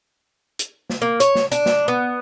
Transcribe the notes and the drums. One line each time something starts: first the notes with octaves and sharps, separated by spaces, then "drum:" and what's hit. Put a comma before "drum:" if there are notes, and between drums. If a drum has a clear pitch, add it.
drum: hi-hat
drum: snare
A#3
C#5, drum: hi-hat
drum: snare
D4, drum: hi-hat
drum: snare
B3